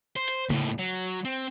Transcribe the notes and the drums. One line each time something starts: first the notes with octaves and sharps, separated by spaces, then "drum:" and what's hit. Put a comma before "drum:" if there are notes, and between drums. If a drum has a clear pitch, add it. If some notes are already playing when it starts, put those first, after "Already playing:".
C5
drum: hi-hat
D#2 A2, drum: tom C#3
F#3
C4